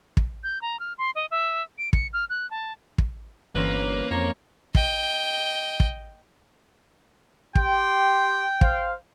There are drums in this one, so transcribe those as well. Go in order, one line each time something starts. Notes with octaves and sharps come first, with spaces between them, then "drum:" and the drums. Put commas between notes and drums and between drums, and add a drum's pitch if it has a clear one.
drum: kick
G6
A#5
F6
C6
D#5
E5
D7
C#7, drum: kick
F6
F#6
A5
drum: kick
G1 E3 A#3 C4 C#4 B4
F2 C#5 A#5
D#5 G5, drum: kick
drum: kick
G4 G5 C6, drum: kick
C5 F5, drum: kick